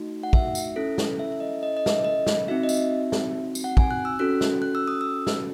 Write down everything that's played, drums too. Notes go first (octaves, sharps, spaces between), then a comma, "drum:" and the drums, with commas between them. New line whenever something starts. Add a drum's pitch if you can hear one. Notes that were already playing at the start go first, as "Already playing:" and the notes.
Already playing: A3 D#4 F#4
F#5
E5, drum: kick
drum: tambourine
C#4 E4 A4
drum: snare
E5
E5
D#5
D#5
D#5
E5, drum: snare
D#5
D#5
drum: snare
C4 D#4 F#4 E5
D#5
E5, drum: tambourine
drum: snare
drum: tambourine
F#5
G#5, drum: kick
F#6
E6
C#4 F#4 A4 F#6
drum: snare
F#6
E6
D#6
E6
drum: snare